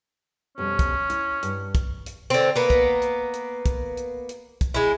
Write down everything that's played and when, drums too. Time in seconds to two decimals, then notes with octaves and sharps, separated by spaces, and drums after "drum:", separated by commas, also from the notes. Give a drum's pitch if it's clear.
0.58 F2 B2 G3 C#4
0.79 drum: kick, hi-hat
1.10 E4, drum: hi-hat
1.43 G2, drum: hi-hat
1.75 drum: kick, hi-hat
2.06 drum: hi-hat
2.30 D3 C4
2.56 A#3 B3
2.70 drum: kick, hi-hat
3.02 drum: hi-hat
3.34 drum: hi-hat
3.66 drum: kick, hi-hat
3.97 drum: hi-hat
4.29 drum: hi-hat
4.61 drum: kick, hi-hat
4.74 G#3 E4